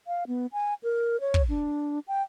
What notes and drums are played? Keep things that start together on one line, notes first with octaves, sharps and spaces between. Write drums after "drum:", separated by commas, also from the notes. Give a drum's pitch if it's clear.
F5
B3
G#5
A#4
C#5
drum: kick
D4
G5